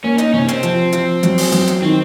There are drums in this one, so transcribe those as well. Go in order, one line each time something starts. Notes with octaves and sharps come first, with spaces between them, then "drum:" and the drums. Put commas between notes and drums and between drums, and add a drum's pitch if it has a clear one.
A#3 C#4
D#4, drum: hi-hat
C3 C#4
C4, drum: hi-hat
F3, drum: hi-hat
F3, drum: hi-hat
F#3, drum: hi-hat
drum: open hi-hat
F#3, drum: hi-hat
drum: hi-hat
D#3 C4